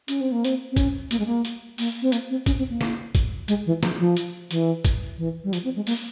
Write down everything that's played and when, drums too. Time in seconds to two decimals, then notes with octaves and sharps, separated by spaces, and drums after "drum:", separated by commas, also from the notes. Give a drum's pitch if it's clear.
0.08 C#4, drum: hi-hat
0.21 C4
0.32 A#3
0.45 C4, drum: hi-hat
0.72 C4
0.76 C#4, drum: kick, hi-hat
1.11 A#3, drum: hi-hat
1.19 G#3
1.26 A#3
1.45 drum: hi-hat
1.78 A#3, drum: open hi-hat
2.02 C4
2.12 A#3, drum: hi-hat
2.30 C4
2.46 C#4, drum: kick, hi-hat
2.58 C4
2.70 A#3
2.81 drum: snare
3.15 drum: kick, hi-hat
3.48 G#3, drum: hi-hat
3.66 E3
3.83 F3, drum: snare
3.99 F3
4.17 drum: hi-hat
4.51 E3, drum: hi-hat
4.85 drum: kick, hi-hat
5.18 E3
5.44 G3
5.53 F3, drum: hi-hat
5.64 C4
5.76 G#3
5.87 A#3, drum: open hi-hat